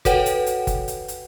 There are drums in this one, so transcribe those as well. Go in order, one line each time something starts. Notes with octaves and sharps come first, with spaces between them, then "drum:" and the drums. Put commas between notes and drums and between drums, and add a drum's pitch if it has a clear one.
F#4 A4 B4 C#5 F#5 G5, drum: kick G1, hi-hat
drum: hi-hat
drum: hi-hat
drum: kick G1, hi-hat
drum: hi-hat
drum: hi-hat